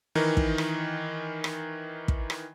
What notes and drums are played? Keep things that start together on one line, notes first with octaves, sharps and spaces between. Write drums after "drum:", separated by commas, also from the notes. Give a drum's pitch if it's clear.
D#3 E3 D#4 A#4
drum: kick
drum: rim click
drum: rim click
drum: kick
drum: rim click